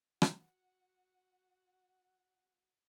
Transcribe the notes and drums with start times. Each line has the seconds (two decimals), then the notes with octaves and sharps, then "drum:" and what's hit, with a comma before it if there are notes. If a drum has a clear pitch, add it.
0.22 F#4 F#5, drum: rim click